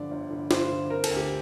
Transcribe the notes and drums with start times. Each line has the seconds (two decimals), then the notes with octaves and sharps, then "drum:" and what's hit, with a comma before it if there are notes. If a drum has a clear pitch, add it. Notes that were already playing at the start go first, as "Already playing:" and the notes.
Already playing: G2 D3 F3 D5
0.11 G1
0.30 D3
0.51 G2 C5, drum: snare
0.71 D3
0.90 C4 A#4
1.04 A4, drum: cymbal
1.11 D2
1.17 G4